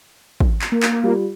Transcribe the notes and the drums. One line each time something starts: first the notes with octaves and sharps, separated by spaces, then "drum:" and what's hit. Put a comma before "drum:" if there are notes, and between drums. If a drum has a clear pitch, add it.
drum: kick
drum: clap
A#3
drum: clap
G3 F4